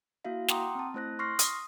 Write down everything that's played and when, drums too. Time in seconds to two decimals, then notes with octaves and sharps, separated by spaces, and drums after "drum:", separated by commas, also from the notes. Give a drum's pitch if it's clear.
0.25 A#3 E4 F#4 E5 F5
0.48 F#5 G5 A#5 C6 D6 D#6, drum: snare
0.75 C4 A5
0.94 A3 E4 C5 F#6 A#6
1.19 C6 C#6 F6 A#6 C7
1.39 D#6, drum: hi-hat